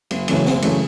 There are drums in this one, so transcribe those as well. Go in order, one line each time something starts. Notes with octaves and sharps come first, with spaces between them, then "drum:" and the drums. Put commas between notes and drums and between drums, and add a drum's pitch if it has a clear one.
F#1, drum: cymbal
F#2 C#3 E3 A3, drum: cymbal
F#1, drum: snare
F#2 C#3 E3 A3, drum: cymbal